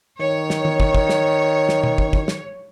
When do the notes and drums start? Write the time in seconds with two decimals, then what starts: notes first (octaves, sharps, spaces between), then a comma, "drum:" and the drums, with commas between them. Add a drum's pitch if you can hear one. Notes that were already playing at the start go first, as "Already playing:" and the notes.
0.20 D#3 C#5
0.50 drum: snare
0.65 drum: tom D#3
0.80 drum: kick
0.95 drum: kick
1.09 drum: snare
1.69 drum: snare
1.83 drum: tom B2
1.98 drum: kick
2.13 drum: kick
2.28 drum: snare